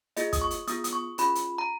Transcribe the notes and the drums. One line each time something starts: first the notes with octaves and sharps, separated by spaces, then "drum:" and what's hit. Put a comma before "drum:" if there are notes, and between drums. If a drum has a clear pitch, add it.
A#3 F4 G#4 D#5, drum: hi-hat
D#6, drum: kick, hi-hat
C#6
drum: hi-hat
B3 F4 G#4 D#6, drum: hi-hat
D#6, drum: hi-hat
C#6
C#4 F4 G#4 B5, drum: hi-hat
drum: hi-hat
A#5